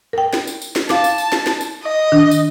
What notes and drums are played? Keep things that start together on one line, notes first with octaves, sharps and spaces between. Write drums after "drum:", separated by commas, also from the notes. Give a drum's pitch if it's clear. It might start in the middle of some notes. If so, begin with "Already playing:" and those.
A#4 G5
drum: snare
drum: tambourine
drum: tambourine
drum: snare
F5 A5 D6, drum: snare
drum: tambourine
drum: tambourine
drum: snare
drum: snare
drum: tambourine
D#5
D#3 D4
drum: tambourine